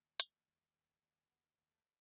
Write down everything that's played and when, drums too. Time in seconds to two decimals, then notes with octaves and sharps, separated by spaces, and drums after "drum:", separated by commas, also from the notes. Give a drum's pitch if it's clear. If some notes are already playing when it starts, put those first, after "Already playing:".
Already playing: D#2
0.20 G3, drum: hi-hat
0.47 D#2
0.74 G3
1.02 D#2
1.30 D#2 B3
1.58 D#2
1.71 A3